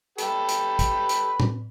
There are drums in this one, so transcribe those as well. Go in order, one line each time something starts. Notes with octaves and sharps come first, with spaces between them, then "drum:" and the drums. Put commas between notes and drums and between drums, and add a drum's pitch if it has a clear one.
G4 A4 B4, drum: hi-hat
drum: hi-hat
drum: kick, hi-hat
drum: hi-hat
drum: tom A2